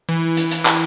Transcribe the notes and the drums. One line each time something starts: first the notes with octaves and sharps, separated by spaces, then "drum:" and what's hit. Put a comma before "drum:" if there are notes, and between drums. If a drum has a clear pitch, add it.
E3
drum: hi-hat
drum: hi-hat
drum: clap